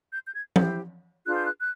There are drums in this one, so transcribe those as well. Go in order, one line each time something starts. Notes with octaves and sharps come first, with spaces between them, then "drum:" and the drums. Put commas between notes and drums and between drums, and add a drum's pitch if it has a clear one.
G6
G6
G#6
E4 G4 C5 G6, drum: tom F3
D4 F4 G#4 B4 F#6
G6
F#6
F#6